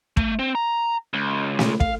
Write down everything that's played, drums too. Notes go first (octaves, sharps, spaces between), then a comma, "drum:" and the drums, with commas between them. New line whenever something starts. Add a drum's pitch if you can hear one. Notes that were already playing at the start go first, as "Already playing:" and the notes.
A3, drum: kick
C4
A#5
C#2
drum: snare
F5, drum: kick